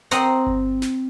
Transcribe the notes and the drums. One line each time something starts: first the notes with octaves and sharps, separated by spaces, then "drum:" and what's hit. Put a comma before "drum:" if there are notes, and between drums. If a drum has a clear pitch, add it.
C4 D#5 F#5 A#5, drum: hi-hat
drum: kick G1
drum: snare